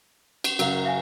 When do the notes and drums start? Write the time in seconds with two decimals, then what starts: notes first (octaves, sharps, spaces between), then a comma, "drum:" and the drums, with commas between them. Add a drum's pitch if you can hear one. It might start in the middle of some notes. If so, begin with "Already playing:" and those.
0.44 G4, drum: cymbal
0.59 F#1 F#2 F#3 A#4 F5, drum: cymbal
0.85 E5 F5 G#5